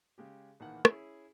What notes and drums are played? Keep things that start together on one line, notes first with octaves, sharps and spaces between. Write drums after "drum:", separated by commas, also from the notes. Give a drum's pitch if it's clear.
C#3 G#3 G4
A#1 D#3 E3 A#3 F#5
C#4 E4 G#4, drum: rim click